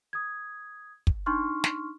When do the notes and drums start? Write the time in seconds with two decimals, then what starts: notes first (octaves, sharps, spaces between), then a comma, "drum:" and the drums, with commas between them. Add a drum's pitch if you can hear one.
0.13 D#6 G#6
1.07 drum: kick
1.26 D4 D#4 C6 C#6 F6
1.64 drum: snare